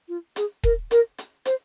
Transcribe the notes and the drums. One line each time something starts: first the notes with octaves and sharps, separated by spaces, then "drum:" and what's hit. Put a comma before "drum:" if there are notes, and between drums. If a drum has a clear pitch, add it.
F4
G#4, drum: hi-hat
A#4, drum: kick D#1
A#4, drum: hi-hat
drum: hi-hat
C5, drum: hi-hat